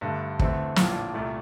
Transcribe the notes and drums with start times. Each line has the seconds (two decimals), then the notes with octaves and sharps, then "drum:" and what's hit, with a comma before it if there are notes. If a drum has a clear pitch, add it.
0.01 G2 D3 A3
0.39 E2 D3 A3 C4, drum: kick
0.76 A#1 A2 F3 A#3 D4, drum: snare
1.14 C2 A#2 A3